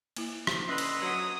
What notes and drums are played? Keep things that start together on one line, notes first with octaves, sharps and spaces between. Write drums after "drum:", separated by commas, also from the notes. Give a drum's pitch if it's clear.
A#3 E4, drum: cymbal
drum: rim click
D3 C#4 B4 D#5 E5 C6
drum: cymbal
F#3 D#6